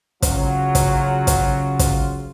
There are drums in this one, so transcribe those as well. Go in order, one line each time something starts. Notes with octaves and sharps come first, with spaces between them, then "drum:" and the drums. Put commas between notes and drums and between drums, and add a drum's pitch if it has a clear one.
C#3 F#3 F4, drum: kick, hi-hat
drum: kick, hi-hat
drum: kick, hi-hat
drum: kick, hi-hat